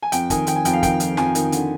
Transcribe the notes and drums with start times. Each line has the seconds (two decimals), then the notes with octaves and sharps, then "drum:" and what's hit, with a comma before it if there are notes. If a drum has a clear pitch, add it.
0.02 G#5
0.12 F2 G5, drum: hi-hat
0.30 D#3 G#5, drum: kick, hi-hat
0.47 D#3 G5, drum: hi-hat
0.56 G#5
0.65 F2 G5, drum: hi-hat
0.73 F5
0.83 D#3 G5, drum: kick, hi-hat
1.00 F2, drum: hi-hat
1.17 F2 G#5, drum: snare
1.35 D#3, drum: hi-hat
1.52 D3, drum: hi-hat